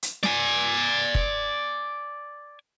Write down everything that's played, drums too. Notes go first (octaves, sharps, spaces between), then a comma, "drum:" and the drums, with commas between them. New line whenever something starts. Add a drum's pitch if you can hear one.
drum: hi-hat
D5 G#5, drum: snare
drum: kick